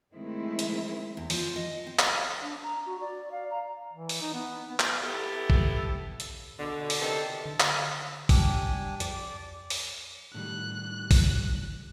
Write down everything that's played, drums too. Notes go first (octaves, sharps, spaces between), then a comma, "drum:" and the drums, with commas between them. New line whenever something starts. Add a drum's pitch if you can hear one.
D#3 F3 G#3 A3 C4 E4
drum: hi-hat
E2
F3, drum: open hi-hat
D#5
C4
drum: clap
D4
A#5
F#4
D5
F5
A#5
E3
drum: open hi-hat
D#4
B3
B3
drum: clap
B3 E4 G4 A4
drum: kick A1
drum: hi-hat
B2 D3
drum: open hi-hat
C3 D#3 E3 A4
D3
drum: clap
E6
G3 D4 G4 G#5, drum: kick A1, open hi-hat
F2 D5, drum: hi-hat
drum: open hi-hat
A2 D#3 G3 F#6
drum: kick A1, open hi-hat